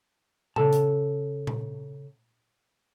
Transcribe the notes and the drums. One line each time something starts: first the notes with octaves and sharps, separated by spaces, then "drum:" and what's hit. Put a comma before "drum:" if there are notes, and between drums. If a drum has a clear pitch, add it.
C#3 A4 A5, drum: tom A#2
drum: hi-hat
drum: tom A#2